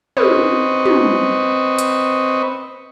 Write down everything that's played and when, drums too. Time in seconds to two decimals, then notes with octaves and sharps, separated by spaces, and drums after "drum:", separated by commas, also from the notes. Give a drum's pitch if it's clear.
0.17 C4 B4 D#5 C#6, drum: tom
0.85 drum: tom
1.79 drum: hi-hat